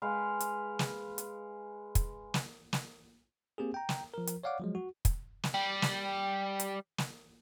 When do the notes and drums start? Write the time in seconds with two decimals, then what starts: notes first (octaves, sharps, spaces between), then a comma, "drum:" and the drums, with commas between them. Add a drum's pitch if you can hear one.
0.02 G#3 B4 F5
0.40 drum: hi-hat
0.79 drum: snare
1.18 drum: hi-hat
1.95 drum: kick, hi-hat
2.34 drum: snare
2.73 drum: snare
3.58 A#3 C4 G4 G#4
3.74 G5 A#5
3.89 drum: snare
4.14 F3 A#4
4.27 drum: hi-hat
4.44 C#5 D5 F5 F#5 D6
4.60 F3 F#3 G#3
4.75 F#4
5.05 drum: kick, hi-hat
5.44 drum: snare
5.54 G3 G4
5.82 drum: snare
6.60 drum: hi-hat
6.98 drum: snare